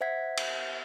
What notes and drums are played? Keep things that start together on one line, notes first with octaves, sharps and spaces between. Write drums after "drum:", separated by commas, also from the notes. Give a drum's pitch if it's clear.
C5 E5 F#5 G#6 B6
drum: cymbal